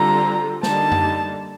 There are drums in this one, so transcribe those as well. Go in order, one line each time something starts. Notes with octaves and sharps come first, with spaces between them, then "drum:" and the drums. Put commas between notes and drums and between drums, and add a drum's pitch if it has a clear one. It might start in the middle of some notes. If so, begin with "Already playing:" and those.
Already playing: D3 G3 C4 F4 A4 A#5
D3 G3 A#3 D#4 A5, drum: snare
drum: tom F#2